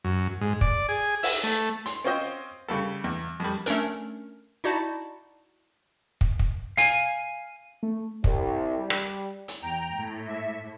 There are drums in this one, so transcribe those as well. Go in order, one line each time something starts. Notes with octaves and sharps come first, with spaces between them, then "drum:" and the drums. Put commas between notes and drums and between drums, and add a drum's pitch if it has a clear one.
F#2
G#2
D5, drum: kick
G#4
E5, drum: open hi-hat
A3
C6, drum: hi-hat
C4 C#4 F4 C5 D#5 G5
C#3 G3 A4
E2
F2 G3
A3 C#4 D4 A#4, drum: hi-hat
D#4 E4 F#4 D5 A5
drum: kick
drum: kick
F5 G#5, drum: hi-hat
A3
C2, drum: kick
G3
drum: rim click
drum: hi-hat
E2 G5 A#5
A2
E5